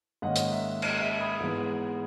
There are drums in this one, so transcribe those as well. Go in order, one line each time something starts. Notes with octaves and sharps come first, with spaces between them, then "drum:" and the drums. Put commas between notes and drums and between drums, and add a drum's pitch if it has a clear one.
G#2 D#3 A#3 C#4 D#5 F#5
drum: hi-hat
E5
D#5, drum: cymbal
E5
B5 D#6
G#2 E3 G#3 B3